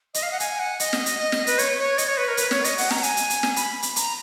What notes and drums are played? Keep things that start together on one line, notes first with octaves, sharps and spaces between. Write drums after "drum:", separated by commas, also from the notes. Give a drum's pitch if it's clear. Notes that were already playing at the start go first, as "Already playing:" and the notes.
D#5, drum: hi-hat
F5
F#5
G#5, drum: hi-hat
F#5
D#5, drum: hi-hat
drum: snare
drum: hi-hat
D#5
drum: snare
B4, drum: hi-hat
C#5, drum: hi-hat
C#5
D#5, drum: hi-hat
C#5
B4
A#4
B4, drum: hi-hat
C#5, drum: snare
D#5, drum: hi-hat
F#5, drum: open hi-hat
A#5, drum: snare
G#5, drum: hi-hat
drum: hi-hat
drum: hi-hat
drum: snare
B5, drum: hi-hat
drum: hi-hat
A#5, drum: hi-hat